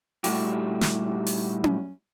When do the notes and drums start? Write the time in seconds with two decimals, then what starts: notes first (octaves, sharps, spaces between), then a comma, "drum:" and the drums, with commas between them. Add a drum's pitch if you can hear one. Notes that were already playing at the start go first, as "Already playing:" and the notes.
0.24 A#2 G3 A3 E4 F#4 G4, drum: open hi-hat
0.81 drum: snare
1.27 drum: open hi-hat
1.64 drum: tom C#4